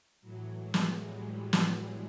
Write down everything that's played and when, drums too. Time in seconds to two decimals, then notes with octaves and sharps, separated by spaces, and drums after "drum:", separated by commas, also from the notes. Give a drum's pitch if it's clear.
0.21 A2 E3 F#3
0.60 G#3
0.74 drum: snare
1.01 G3
1.53 drum: snare